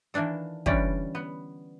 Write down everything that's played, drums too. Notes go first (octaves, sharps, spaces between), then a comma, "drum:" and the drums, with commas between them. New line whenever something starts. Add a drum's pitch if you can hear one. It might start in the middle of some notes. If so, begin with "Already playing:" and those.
D#3 E3 A#3 D4 A4
D3 E3 G3 C#4 D5, drum: kick
B3